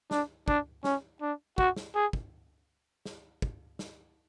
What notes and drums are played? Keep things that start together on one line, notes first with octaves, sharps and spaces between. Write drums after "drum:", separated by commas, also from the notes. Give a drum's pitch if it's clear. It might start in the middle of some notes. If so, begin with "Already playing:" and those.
D4, drum: snare
D4, drum: kick
C#4, drum: snare
D4
F#4, drum: kick
drum: snare
G#4
drum: kick
drum: snare
drum: kick
drum: snare